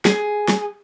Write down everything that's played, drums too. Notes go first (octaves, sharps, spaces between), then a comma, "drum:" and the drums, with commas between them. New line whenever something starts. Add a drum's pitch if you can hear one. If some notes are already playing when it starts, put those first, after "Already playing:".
G#4, drum: snare
drum: snare